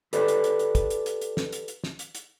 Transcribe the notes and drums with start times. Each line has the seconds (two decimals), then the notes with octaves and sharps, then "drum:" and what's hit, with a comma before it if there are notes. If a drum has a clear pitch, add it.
0.13 G4 A4 B4 D5, drum: hi-hat
0.28 drum: hi-hat
0.44 drum: hi-hat
0.59 drum: hi-hat
0.75 drum: kick, hi-hat
0.90 drum: hi-hat
1.06 drum: hi-hat
1.21 drum: hi-hat
1.37 drum: snare
1.52 drum: hi-hat
1.68 drum: hi-hat
1.84 drum: snare
1.99 drum: hi-hat
2.15 drum: hi-hat